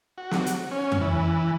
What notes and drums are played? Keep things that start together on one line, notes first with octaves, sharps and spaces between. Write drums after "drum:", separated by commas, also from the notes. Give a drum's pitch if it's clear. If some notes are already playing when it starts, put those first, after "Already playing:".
F#4
drum: snare
drum: hi-hat
C#4
drum: tom F2
E3